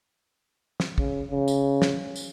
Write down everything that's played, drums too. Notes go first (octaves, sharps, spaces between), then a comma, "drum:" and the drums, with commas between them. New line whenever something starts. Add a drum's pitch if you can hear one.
drum: snare
C#3, drum: kick
C#3
drum: tambourine
drum: snare
drum: tambourine